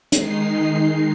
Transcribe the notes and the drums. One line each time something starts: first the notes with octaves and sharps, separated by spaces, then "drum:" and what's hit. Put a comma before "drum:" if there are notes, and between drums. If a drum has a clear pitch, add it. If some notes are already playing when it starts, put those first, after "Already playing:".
D#3 G#3 D#4 C7, drum: hi-hat